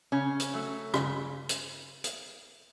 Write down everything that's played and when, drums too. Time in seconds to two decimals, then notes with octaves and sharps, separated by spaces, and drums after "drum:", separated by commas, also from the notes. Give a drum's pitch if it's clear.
0.12 C#3 C#4
0.40 drum: hi-hat
0.54 F#3 A3
0.94 C#3, drum: rim click
1.49 drum: hi-hat
2.04 drum: hi-hat